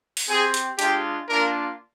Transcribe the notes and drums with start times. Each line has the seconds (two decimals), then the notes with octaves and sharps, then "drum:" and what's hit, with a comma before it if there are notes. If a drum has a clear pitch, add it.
0.17 drum: open hi-hat
0.29 C4 G4 G#4
0.54 drum: hi-hat
0.79 G#3 D4 F4 G4, drum: hi-hat
1.29 A#3 D4 F4 A#4